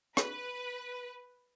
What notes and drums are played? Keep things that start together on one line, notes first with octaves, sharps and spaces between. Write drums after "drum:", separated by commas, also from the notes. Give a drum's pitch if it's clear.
B4, drum: rim click